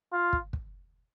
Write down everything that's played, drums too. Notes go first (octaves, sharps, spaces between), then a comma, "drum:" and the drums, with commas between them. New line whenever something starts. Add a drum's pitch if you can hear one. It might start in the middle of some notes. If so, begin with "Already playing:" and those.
F4
drum: kick
drum: kick